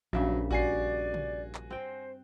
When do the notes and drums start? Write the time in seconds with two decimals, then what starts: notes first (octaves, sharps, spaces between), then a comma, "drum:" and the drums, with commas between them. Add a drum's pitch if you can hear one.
0.13 A#1 G2 C#3 F#3 E5
0.51 F#4 D5 G#5 C7, drum: kick A1
1.14 drum: tom
1.55 drum: clap
1.70 C4 C5 G5